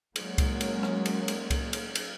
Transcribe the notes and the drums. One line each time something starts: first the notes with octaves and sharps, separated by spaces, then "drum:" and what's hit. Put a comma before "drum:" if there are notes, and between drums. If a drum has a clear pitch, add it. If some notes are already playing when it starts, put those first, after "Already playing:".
F#3 G#3 A#3 C#4, drum: cymbal
drum: kick C2, cymbal
drum: cymbal
drum: rim click
drum: cymbal
drum: cymbal
drum: kick C2, cymbal
drum: cymbal
drum: cymbal